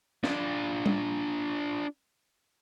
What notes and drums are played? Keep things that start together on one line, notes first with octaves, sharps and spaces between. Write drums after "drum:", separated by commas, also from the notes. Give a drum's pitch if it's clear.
D4 F4, drum: snare
drum: tom G3